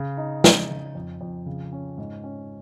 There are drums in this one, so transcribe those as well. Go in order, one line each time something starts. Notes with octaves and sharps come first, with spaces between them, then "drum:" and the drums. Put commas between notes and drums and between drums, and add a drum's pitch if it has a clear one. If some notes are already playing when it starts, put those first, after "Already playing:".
Already playing: C#3
D#4
C#3, drum: snare
C#3
F2
F2
C#3
C#4
G#2
C#4